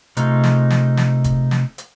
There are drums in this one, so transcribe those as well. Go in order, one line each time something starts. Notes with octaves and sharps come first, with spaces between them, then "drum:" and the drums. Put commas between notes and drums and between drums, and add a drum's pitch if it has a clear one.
C3 A3 D#4 F4 G#4, drum: hi-hat
drum: snare
drum: snare
drum: snare
drum: kick F1, hi-hat
drum: snare
drum: hi-hat